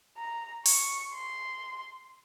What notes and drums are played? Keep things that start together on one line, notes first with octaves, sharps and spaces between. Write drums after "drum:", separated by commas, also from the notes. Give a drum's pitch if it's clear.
A#5
C#6, drum: open hi-hat
C6